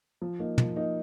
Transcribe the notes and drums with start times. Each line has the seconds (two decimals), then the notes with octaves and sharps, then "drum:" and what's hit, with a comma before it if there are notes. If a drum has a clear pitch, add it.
0.22 F3
0.39 A#3 D#4
0.58 F3, drum: tom
0.76 A#3 D#4